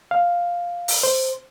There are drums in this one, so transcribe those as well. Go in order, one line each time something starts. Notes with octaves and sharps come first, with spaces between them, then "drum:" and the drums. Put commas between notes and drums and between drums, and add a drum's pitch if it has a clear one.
F5
drum: open hi-hat
C5